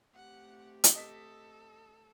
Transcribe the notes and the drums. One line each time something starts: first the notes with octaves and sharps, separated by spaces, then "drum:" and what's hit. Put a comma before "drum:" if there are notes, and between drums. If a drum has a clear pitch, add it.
A3 C4 G4 F#5
drum: hi-hat
A4 D#5 B6